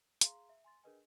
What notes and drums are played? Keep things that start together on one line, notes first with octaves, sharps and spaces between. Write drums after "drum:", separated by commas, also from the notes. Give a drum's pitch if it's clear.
G#4 F5 A#5 C6, drum: hi-hat
E5
G#5 C6 A6
D4 G#4 A#4 B4 D#5 G#5